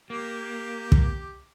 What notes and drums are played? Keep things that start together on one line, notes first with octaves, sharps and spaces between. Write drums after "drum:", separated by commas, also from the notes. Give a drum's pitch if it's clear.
A#3 G4
drum: kick